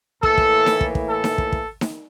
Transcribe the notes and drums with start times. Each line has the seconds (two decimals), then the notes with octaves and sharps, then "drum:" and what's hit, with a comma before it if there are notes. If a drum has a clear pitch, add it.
0.23 A2 E3 A#3 A4, drum: kick
0.38 drum: kick
0.66 drum: snare D#4
0.81 drum: kick
0.95 drum: kick
1.09 A4
1.24 drum: snare D#4
1.38 drum: kick
1.52 drum: kick
1.81 drum: snare D#4